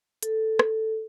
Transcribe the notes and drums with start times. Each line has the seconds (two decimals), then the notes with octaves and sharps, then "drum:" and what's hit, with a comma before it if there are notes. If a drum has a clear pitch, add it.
0.23 A4, drum: hi-hat
0.59 drum: rim click